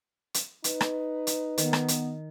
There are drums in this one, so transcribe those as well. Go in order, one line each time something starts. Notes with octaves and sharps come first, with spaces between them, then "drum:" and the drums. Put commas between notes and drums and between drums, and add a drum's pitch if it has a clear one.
drum: hi-hat
D#4 B4, drum: hi-hat
drum: rim click
drum: hi-hat
D#3 B3, drum: hi-hat
drum: rim click
drum: hi-hat